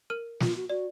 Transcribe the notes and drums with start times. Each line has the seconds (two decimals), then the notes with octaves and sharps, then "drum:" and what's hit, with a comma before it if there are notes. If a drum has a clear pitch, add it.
0.10 A#4 F6 D#7
0.40 F4, drum: snare
0.56 F#4
0.70 F#4 D5